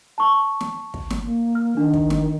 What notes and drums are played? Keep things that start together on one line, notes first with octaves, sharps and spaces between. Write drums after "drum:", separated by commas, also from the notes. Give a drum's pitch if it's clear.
A5 C#6
drum: snare
drum: kick
drum: snare
A#3
F6
D#3 D4
drum: kick
drum: snare